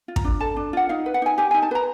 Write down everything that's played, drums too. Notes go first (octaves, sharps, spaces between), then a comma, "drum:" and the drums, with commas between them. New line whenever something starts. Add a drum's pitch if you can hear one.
F4
A#5, drum: kick
D4
A4 A5
D4
F4 F#5
D#4 F5
B4
F#5
D#4 G#5
G4 G#5
D#4 G#5
A5
B4 A#5